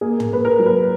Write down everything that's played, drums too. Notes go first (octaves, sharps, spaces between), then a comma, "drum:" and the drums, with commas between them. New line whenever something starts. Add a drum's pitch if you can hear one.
A#3 G#4
drum: tom
A#3 B4
A#4
F#3
B4